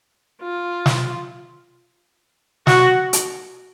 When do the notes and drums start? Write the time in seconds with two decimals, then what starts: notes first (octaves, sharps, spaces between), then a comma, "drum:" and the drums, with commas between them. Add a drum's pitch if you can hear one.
0.42 F4
0.86 drum: snare
2.67 F#4, drum: snare
3.13 drum: hi-hat